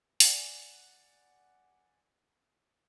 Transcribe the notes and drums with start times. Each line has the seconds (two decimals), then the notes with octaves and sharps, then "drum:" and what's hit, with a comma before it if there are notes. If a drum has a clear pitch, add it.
0.20 D5 F#5 G#5, drum: open hi-hat